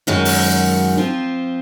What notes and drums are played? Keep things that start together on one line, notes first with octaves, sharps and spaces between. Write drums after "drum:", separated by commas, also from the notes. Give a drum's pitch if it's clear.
F#2 D#3 G#3 D#4 F#4
drum: open hi-hat
F3 C4 F4